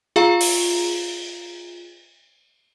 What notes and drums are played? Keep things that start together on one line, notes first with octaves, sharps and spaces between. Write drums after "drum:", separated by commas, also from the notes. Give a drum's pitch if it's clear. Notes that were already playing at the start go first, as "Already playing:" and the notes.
F4 G#4 F5 A#5
drum: open hi-hat